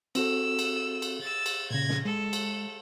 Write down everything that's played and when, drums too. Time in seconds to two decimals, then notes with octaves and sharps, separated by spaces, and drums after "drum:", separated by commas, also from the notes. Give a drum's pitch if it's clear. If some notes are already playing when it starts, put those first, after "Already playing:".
0.15 C4 F#4 A4 E6, drum: cymbal
0.59 drum: cymbal
1.02 drum: cymbal
1.21 E6 A6
1.46 drum: cymbal
1.71 A#2 C#3 G#6 A#6
1.89 drum: snare
2.05 G#3 A4
2.33 drum: cymbal